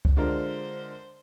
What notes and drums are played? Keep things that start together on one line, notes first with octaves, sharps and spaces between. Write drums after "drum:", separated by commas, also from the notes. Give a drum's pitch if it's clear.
drum: kick C#2
D3 G#3 D4 F4 A#4 C5